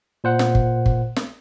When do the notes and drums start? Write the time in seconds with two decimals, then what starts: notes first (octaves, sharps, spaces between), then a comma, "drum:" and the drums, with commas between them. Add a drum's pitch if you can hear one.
0.24 A#2 C5 F#5
0.39 drum: snare
0.55 drum: kick G1
0.86 drum: kick G1
1.16 drum: snare